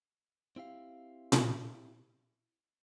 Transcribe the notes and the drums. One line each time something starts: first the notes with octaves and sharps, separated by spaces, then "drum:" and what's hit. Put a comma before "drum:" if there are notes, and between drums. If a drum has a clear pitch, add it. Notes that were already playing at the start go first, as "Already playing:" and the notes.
C4 E4 G4 F5
drum: tom A#2